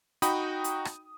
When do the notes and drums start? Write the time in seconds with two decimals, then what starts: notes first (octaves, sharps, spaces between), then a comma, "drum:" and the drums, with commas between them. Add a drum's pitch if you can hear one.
0.22 D#4 F#4 G5 B5 D#6, drum: hi-hat
0.64 drum: hi-hat
0.85 drum: rim click